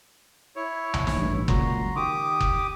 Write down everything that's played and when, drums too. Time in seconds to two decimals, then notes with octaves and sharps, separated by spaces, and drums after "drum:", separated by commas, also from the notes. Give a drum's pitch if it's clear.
0.56 E4 C#5
0.94 drum: tom B1
1.07 drum: snare
1.17 A1 G2
1.48 C#2 A#2 F#3 F#4 A#5 C6, drum: kick F#1
1.96 D#3 G4 D6 D#6
2.40 drum: kick F#1